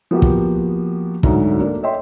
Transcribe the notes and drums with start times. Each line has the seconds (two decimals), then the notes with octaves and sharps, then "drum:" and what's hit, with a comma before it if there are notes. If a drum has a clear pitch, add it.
0.11 F3 A#3 B3 F#4 G4
0.22 drum: kick
1.23 D2 G#2 D3 F#3 A#5, drum: kick
1.61 A3 A#3 D4
1.83 C#5 D#5 E5 G5 C6